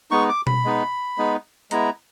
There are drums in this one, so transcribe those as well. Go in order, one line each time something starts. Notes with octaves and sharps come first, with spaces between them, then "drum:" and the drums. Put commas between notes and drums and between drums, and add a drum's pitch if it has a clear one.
G#3 B3 D#4 C#6
D6
B5, drum: tom B2
G#3 B3 D#4
G#3 B3 D#4
G#3 B3 E4 A#5, drum: hi-hat